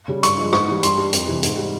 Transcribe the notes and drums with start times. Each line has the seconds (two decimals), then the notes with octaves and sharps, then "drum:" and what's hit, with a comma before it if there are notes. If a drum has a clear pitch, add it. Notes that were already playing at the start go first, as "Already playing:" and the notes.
0.08 C#3 G3
0.23 G2 C#6, drum: hi-hat
0.37 F3 G#3
0.53 G#2 C#6, drum: rim click
0.68 E3 G3
0.83 G2 C6, drum: hi-hat
0.98 G3
1.13 F2, drum: hi-hat
1.28 C3 E3
1.43 G#2, drum: hi-hat
1.58 G3